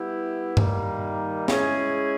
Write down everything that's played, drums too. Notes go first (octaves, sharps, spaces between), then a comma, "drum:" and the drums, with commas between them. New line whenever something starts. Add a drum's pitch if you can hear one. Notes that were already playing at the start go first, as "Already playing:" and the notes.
Already playing: G3 B3 E4 G4
D#3 G3 A#3 D#4, drum: tom G2
G#3 C#4 E4 G#4, drum: snare